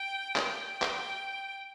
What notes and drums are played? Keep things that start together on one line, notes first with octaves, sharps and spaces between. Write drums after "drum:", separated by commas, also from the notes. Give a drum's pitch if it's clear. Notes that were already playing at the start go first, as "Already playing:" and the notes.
Already playing: G5
drum: clap
G5
drum: clap